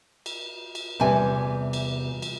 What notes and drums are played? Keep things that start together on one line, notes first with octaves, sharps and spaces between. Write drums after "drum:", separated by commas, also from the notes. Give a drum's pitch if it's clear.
drum: cymbal
drum: cymbal
E2 C3 G3 G#5
drum: cymbal
drum: cymbal